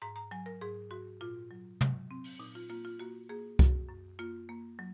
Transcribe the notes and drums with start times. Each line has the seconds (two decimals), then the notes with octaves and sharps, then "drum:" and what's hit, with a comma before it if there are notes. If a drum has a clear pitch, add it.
0.02 G#2 A#5
0.16 A#5
0.31 F#3 G#5
0.46 A#4
0.61 G#2 G#4
0.91 G#2 F#4
1.21 A#2 F4
1.51 F#3
1.81 F#3, drum: tom
2.11 C4
2.24 drum: open hi-hat
2.40 A#2 D#4
2.55 F4
2.70 A#3 F4
2.85 F4
2.99 A#3 F#4
3.29 A#3 G#4
3.59 F#2 F#4, drum: kick C2
3.89 F#2
4.19 A#3 F4
4.49 A#3
4.79 F#3